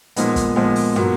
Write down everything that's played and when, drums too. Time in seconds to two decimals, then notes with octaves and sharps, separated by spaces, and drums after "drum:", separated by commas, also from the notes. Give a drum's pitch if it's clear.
0.16 A#2 F3 G#3 B3, drum: hi-hat
0.36 drum: kick, hi-hat
0.56 A#2 F3 G#3 B3
0.76 drum: open hi-hat
0.96 A#2 F#3 B3, drum: tom